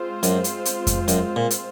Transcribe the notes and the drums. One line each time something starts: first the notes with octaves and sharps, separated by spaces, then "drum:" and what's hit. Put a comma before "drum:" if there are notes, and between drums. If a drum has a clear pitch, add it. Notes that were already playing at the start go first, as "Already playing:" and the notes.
Already playing: G#3 C4 F4 C5
F#2, drum: hi-hat
drum: hi-hat
drum: hi-hat
drum: kick F2, hi-hat
F#2, drum: hi-hat
A#2
drum: hi-hat